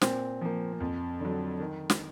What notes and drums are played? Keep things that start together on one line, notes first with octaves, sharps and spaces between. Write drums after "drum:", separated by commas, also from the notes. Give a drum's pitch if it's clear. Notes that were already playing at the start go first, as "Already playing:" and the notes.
A#2 C4, drum: snare
F3 A#3
F2
D3 F#3
D#3
drum: snare